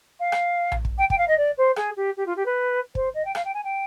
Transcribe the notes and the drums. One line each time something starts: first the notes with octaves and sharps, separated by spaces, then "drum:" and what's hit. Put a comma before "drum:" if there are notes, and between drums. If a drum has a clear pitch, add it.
F5
drum: rim click
drum: tom A#1
drum: kick
G5
G5, drum: kick
F5
D#5
D5
C5
G#4, drum: rim click
G4
G4
F4
G4
B4
C5, drum: kick
D#5
G5
F5, drum: rim click
G5
G#5
G5